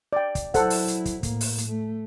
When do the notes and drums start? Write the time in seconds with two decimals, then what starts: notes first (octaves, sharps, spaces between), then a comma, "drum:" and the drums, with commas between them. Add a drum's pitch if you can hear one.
0.13 D5 G5
0.35 drum: kick, hi-hat
0.54 F#3 E4 A4 C5 F#5, drum: kick, hi-hat
0.70 drum: open hi-hat
0.88 drum: hi-hat
1.05 drum: kick, hi-hat
1.23 A2 A#3, drum: kick, hi-hat
1.41 drum: open hi-hat
1.58 drum: hi-hat
1.67 A3